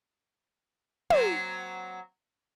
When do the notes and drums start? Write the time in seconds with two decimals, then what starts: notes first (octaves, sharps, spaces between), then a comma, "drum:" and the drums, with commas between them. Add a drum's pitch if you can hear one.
1.10 F#3 A#3 C4, drum: tom